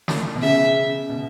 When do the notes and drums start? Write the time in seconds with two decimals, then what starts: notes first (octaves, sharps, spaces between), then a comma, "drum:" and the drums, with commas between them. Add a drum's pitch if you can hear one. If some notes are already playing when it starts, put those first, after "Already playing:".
0.08 drum: snare
0.35 B2
0.41 C#3 E5
1.09 B2